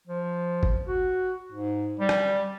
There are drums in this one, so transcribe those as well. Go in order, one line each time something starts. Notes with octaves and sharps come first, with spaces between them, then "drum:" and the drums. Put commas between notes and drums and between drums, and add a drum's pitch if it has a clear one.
F3
drum: kick G1
F#4
G#2
G3
drum: rim click